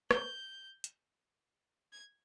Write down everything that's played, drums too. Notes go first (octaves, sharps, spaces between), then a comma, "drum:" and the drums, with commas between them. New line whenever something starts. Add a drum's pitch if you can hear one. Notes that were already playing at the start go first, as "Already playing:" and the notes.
G6, drum: rim click
drum: hi-hat
G#6